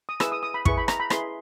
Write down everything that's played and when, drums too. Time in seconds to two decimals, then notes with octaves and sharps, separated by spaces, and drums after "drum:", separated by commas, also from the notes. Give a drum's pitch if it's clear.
0.09 D#6
0.20 E4 G#4 B4 E6, drum: rim click
0.32 D#6
0.43 D#6
0.54 B5
0.65 E4 G#4 B4 C#6, drum: kick
0.77 B5
0.88 A#5, drum: rim click
1.00 B5
1.10 E4 G#4 B4 C6, drum: rim click